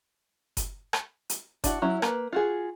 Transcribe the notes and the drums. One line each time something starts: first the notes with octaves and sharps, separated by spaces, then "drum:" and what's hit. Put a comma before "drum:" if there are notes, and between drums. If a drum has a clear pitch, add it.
drum: kick F#1, hi-hat
drum: rim click
drum: hi-hat
D4 E4 F#4, drum: kick F#1, hi-hat
F#3 C#4 E4
A#3 B4, drum: rim click
F4 F#4 G#4